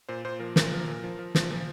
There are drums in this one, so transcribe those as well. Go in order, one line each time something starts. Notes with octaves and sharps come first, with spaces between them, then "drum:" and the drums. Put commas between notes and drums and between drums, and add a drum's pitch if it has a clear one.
A#2 C5
A#2 C5
F3 A#4
A#2 A#4, drum: snare
F3
A#2
F3
F3
F3, drum: snare
A#2